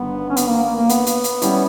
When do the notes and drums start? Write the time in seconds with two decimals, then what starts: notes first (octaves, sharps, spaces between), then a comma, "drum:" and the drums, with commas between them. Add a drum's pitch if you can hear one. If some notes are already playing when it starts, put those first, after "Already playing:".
Already playing: G1 G2 D#3 B3
0.30 C#4
0.37 B3, drum: hi-hat
0.49 A#3
0.63 A#3
0.76 A#3
0.89 B3, drum: hi-hat
1.06 drum: hi-hat
1.24 drum: hi-hat
1.42 G3 C#4 E4, drum: hi-hat